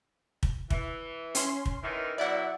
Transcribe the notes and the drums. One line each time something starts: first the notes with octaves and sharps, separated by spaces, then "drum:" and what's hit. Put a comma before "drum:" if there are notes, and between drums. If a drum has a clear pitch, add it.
drum: kick
E3, drum: kick
C#4 C6, drum: hi-hat
drum: kick
D#3 E3
B2 F#3 E4 D5 F#5